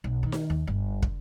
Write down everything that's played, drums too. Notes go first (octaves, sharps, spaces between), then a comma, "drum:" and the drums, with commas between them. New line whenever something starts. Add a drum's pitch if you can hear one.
B1
D#3
drum: snare D#4
D#2
G1
D3, drum: kick